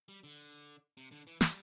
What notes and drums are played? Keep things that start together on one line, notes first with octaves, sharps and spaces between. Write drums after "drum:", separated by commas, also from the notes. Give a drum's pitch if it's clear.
G3
D3
C3
D3
E3
G3, drum: snare